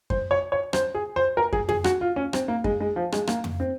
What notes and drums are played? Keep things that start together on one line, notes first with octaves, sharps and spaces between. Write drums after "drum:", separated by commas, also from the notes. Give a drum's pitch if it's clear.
C5, drum: kick F#2
C#5
C#5
C5, drum: rim click
G#4
C5
A#4
G#4, drum: kick F#2
G#4, drum: tom F2
F#4, drum: rim click
F4
C#4
C4, drum: rim click
A#3
G#3, drum: kick F#2
G#3
F3
G#3, drum: rim click
A#3, drum: rim click
drum: tom F2
C4